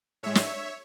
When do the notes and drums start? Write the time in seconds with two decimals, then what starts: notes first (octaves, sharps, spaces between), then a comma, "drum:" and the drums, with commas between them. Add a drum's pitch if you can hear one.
0.23 A2 G#3 C#5 E5
0.35 drum: snare